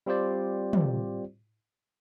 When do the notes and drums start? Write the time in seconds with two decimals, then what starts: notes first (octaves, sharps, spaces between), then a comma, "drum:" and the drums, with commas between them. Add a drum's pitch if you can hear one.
0.06 G3 C4 F4 G4 C5 D5
0.73 drum: tom